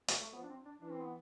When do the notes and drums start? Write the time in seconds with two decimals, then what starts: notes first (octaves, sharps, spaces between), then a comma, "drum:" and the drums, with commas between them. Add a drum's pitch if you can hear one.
0.08 A3, drum: hi-hat
0.20 A3
0.33 F3 B3
0.43 D4
0.49 C4
0.65 D4
0.81 E3 D4
0.91 C4
1.01 B3